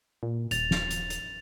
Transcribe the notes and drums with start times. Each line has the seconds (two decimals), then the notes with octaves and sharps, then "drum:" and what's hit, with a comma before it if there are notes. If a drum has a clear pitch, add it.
0.23 A#2
0.51 D#1 A6 F7, drum: hi-hat
0.71 drum: snare
0.91 drum: hi-hat
1.10 drum: hi-hat